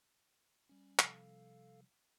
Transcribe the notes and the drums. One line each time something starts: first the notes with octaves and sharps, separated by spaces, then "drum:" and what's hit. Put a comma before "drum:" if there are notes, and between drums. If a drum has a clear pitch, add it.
G3 C#4
C3 F3 G3 A4 F5, drum: clap